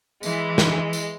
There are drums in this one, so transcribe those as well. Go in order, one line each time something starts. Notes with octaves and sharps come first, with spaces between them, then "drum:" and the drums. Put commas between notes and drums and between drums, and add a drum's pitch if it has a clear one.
E3 G#3, drum: tambourine
drum: snare
drum: tambourine